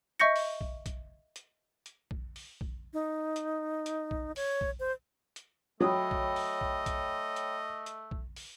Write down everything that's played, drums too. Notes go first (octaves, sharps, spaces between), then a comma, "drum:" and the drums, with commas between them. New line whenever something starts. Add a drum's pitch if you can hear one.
D#5 E5 C#6 G6 A#6 C#7
drum: open hi-hat
drum: kick A#1
drum: kick A#1, hi-hat
drum: hi-hat
drum: hi-hat
drum: kick A#1
drum: open hi-hat
drum: kick A#1
D#4
drum: hi-hat
drum: hi-hat
drum: kick A#1
C#5, drum: open hi-hat
drum: kick A#1
C5
drum: hi-hat
F#3 A3 C#5 D#5 G5 B5 D#6
drum: kick A#1
drum: open hi-hat
drum: kick A#1
drum: kick A#1, hi-hat
drum: hi-hat
drum: hi-hat
drum: kick A#1
drum: open hi-hat